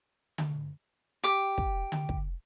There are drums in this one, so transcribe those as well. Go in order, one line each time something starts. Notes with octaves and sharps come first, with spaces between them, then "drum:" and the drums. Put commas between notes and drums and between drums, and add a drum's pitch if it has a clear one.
drum: tom D3
G4 D6
drum: kick
drum: tom D3
drum: kick